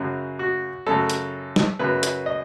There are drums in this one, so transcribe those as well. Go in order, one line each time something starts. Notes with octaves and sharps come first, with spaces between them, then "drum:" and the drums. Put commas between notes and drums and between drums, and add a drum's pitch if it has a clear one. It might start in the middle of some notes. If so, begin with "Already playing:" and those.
Already playing: F#2 C#3 F#3
F#4
F#2 C#3 F#3 A4
drum: hi-hat
drum: snare
F#2 C#3 F#3 B4
drum: hi-hat
D#5